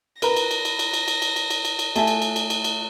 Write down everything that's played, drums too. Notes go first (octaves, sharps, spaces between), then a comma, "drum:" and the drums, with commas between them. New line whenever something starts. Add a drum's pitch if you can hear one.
A#4 B4 A#5 A#6, drum: cymbal
drum: cymbal
drum: cymbal
drum: cymbal
drum: cymbal
drum: cymbal
drum: cymbal
drum: cymbal
drum: cymbal
drum: cymbal
drum: cymbal
drum: cymbal
A3 E5 G#5 A5, drum: cymbal
drum: cymbal
drum: cymbal
drum: cymbal
drum: cymbal
drum: cymbal